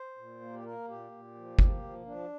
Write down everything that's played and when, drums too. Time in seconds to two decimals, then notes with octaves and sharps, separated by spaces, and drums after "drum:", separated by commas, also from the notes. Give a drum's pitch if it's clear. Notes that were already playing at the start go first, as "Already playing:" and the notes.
Already playing: C5
0.17 A#2
0.41 A#3
0.53 G4
0.64 A#3 A#4
0.88 A#2 G4
1.11 A#2
1.35 F3
1.59 A#3, drum: kick G1
1.83 F3
2.06 F3 D4